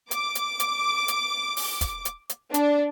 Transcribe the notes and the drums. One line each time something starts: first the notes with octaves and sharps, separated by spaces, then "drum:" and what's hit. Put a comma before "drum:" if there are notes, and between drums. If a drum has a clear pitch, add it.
D6, drum: hi-hat
drum: hi-hat
drum: hi-hat
drum: hi-hat
drum: open hi-hat
drum: kick, hi-hat
drum: hi-hat
drum: hi-hat
D4, drum: hi-hat